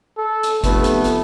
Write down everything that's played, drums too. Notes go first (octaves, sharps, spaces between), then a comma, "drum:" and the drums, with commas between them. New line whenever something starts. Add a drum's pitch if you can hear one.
A4
drum: hi-hat
F1 A3 B3, drum: kick G1, hi-hat
drum: hi-hat
drum: hi-hat